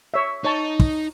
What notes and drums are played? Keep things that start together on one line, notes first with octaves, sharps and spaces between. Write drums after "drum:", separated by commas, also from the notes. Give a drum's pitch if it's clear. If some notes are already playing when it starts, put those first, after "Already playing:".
C#5 E5
D#4 C#5 A5
drum: kick